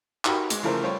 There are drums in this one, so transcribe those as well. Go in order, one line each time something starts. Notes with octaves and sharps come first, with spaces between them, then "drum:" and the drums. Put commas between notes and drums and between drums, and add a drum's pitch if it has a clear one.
D#4 F#4 G4 A#4 B5, drum: clap
G#3, drum: hi-hat
C#3 E3 F3 A3 A#4 C5
G3 F4 C5 C#5